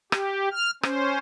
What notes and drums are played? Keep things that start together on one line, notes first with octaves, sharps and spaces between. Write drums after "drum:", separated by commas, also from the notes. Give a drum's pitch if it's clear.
G4, drum: rim click
F6
C#4 C5, drum: rim click